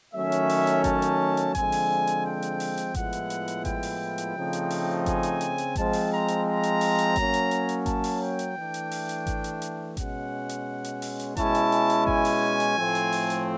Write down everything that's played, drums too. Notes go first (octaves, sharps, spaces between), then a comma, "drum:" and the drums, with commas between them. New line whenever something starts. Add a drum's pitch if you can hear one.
D#3 F#3 A3 C#4 E5
drum: hi-hat
drum: open hi-hat
drum: hi-hat
A5, drum: kick G#1, hi-hat
drum: hi-hat
drum: hi-hat
D3 F3 G#3 C4 G#5, drum: kick G#1, hi-hat
drum: open hi-hat
drum: hi-hat
G5
drum: hi-hat
drum: open hi-hat
drum: hi-hat
A2 F3 G#3 B3 E4 F#5, drum: kick G#1, hi-hat
drum: hi-hat
drum: hi-hat
drum: hi-hat
G5, drum: kick G#1, hi-hat
drum: open hi-hat
drum: hi-hat
C#3 F3 A3 C4 D#4
drum: hi-hat
drum: open hi-hat
G#5, drum: kick G#1, hi-hat
drum: hi-hat
drum: hi-hat
drum: hi-hat
F3 G#3 C4 A5, drum: kick G#1, hi-hat
drum: open hi-hat
A#5
drum: hi-hat
A#5
drum: hi-hat
drum: open hi-hat
drum: hi-hat
F#3 A#3 C#4, drum: kick G#1, hi-hat
drum: hi-hat
drum: hi-hat
drum: hi-hat
A5, drum: kick G#1, hi-hat
drum: open hi-hat
G5
drum: hi-hat
E3 A3 D4
drum: hi-hat
drum: open hi-hat
drum: hi-hat
drum: kick G#1, hi-hat
drum: hi-hat
drum: hi-hat
B2 G#3 C#4 F#5, drum: kick G#1, hi-hat
drum: hi-hat
drum: hi-hat
drum: open hi-hat
drum: hi-hat
B2 G#3 C#4 E4 A5, drum: kick G#1, hi-hat
drum: hi-hat
drum: hi-hat
drum: hi-hat
G#5, drum: kick G#1
drum: open hi-hat
drum: hi-hat
A2 F3 A3 C4
drum: hi-hat
drum: open hi-hat
drum: hi-hat